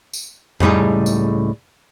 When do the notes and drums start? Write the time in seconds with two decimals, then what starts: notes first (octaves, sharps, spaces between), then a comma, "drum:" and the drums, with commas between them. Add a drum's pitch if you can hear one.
0.13 drum: tambourine
0.60 C#2 A2 G3 D#4 G#4, drum: tom F2
1.06 drum: tambourine